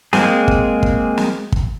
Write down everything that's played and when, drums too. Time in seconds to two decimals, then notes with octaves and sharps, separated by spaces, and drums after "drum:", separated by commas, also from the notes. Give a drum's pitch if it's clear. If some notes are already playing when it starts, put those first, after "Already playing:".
0.13 G#3 A#3 C4 G#4, drum: snare
0.48 drum: kick
0.83 drum: kick
1.18 drum: snare
1.52 drum: kick